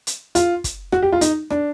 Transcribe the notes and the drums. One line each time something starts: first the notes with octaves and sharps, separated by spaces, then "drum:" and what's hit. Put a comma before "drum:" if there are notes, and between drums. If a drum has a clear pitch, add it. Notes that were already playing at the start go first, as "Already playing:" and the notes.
drum: hi-hat
F4, drum: hi-hat
drum: kick, hi-hat
F#4, drum: rim click
G4
F4
D#4, drum: hi-hat
D4, drum: rim click